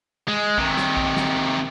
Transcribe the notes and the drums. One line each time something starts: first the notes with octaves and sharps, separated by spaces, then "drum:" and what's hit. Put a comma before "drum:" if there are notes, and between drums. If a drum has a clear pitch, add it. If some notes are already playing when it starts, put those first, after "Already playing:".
G#3
C3 D#3, drum: kick
drum: snare
drum: kick
drum: snare